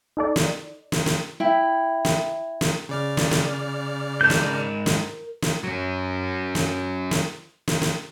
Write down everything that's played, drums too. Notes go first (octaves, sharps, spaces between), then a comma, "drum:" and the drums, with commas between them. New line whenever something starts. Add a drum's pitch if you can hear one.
D#4 A4 D5
drum: snare
drum: snare
drum: snare
E4 G5
drum: snare
drum: snare
C#3 D5 F6
drum: snare
drum: snare
G#2 A#4 A5 G6
drum: snare
drum: snare
drum: snare
F#3 C#4
drum: snare
drum: snare
drum: snare
drum: snare